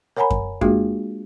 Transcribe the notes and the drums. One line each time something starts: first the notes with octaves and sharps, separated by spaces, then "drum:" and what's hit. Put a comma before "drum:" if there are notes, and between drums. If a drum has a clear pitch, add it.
A#4 C#5 F#5 G#5 A#5 B5
drum: kick F#2
G#3 A#3 D4 F4 F#4 G#4, drum: kick F#2